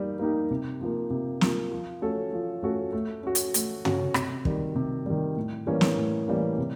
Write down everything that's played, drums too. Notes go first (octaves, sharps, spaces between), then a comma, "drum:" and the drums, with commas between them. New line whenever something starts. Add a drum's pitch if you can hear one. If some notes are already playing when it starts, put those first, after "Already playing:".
Already playing: G3 A#3 D#4
A#3 D#4 G4
C3
F3 A#3
C3
F3 A#3, drum: snare
F3
A3 C#4 F#4 A4
F3
A3 C#4 F#4 A4
A3
C#4 F#4
drum: hi-hat
A3, drum: hi-hat
C#4 F#4, drum: tom
C3, drum: rim click
D#3 G3, drum: kick
C3
D#3 G3
A2
E3 G3 A#3 C#4
drum: snare
A2
E3 G3 A#3 C#4
C3